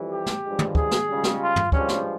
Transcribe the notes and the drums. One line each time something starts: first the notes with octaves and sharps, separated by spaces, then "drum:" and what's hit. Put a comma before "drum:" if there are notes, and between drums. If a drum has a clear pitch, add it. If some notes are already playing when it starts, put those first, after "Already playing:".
Already playing: F2 E3 G3
G4
drum: snare
G2 F3 G#3
drum: tom
G#4, drum: kick
drum: snare
C#2 C#3 G3
drum: snare
F4
drum: tom
G2 F3 G#3 C#4, drum: kick
drum: snare